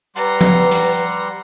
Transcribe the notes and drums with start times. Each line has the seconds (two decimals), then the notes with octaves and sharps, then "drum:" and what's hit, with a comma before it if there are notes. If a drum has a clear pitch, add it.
0.16 G3 B4 F#5 A#5 C6
0.41 drum: tom F3
0.71 drum: hi-hat